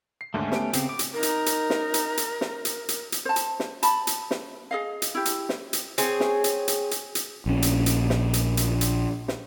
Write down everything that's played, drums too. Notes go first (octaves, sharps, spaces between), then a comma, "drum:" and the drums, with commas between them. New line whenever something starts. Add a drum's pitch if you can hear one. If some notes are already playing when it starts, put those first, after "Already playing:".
C7
D#2 G#2 D3 A3 C#4
B3 G4 D7, drum: snare
C#3 C4, drum: hi-hat
D6
drum: hi-hat
D#4 A#4
drum: hi-hat
drum: hi-hat
drum: snare
drum: hi-hat
drum: hi-hat
drum: snare
drum: hi-hat
drum: hi-hat
drum: hi-hat
C5 A5
drum: hi-hat
drum: snare
A5 B5, drum: hi-hat
drum: hi-hat
drum: snare
G#4 D#5 F5
drum: hi-hat
E4 G4
drum: hi-hat
drum: snare
drum: hi-hat
C4 G#4 C#5, drum: hi-hat
drum: snare
drum: hi-hat
drum: hi-hat
drum: hi-hat
drum: hi-hat
A#1 C#4
drum: hi-hat
drum: hi-hat
drum: snare
drum: hi-hat
drum: hi-hat
drum: hi-hat
drum: snare